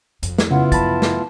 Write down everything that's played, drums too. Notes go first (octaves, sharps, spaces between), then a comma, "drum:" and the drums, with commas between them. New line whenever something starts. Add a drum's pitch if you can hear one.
F2, drum: hi-hat
drum: snare
C#3 B3 E4 F4 F#5
F#2 C#3 F3 A5 B5 A6, drum: kick, hi-hat
drum: snare